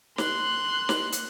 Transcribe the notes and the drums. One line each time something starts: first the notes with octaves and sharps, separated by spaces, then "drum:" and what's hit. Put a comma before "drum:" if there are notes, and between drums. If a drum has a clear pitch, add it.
C6 F#6, drum: snare
drum: snare
drum: hi-hat